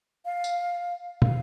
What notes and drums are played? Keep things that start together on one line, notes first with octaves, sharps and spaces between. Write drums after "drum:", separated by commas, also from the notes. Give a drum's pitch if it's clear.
F5
drum: tambourine
F5, drum: tom